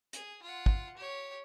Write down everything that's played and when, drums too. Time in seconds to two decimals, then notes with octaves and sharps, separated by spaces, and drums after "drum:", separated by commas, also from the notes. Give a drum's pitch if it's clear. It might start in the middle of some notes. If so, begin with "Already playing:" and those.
0.13 G#4, drum: hi-hat
0.42 F4 F#5
0.66 drum: kick
0.97 G4 C#5